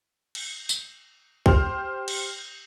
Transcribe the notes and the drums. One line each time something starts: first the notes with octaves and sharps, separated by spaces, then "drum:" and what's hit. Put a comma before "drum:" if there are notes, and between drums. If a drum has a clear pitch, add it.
drum: cymbal
drum: tambourine
G4 C5 F6, drum: kick
drum: cymbal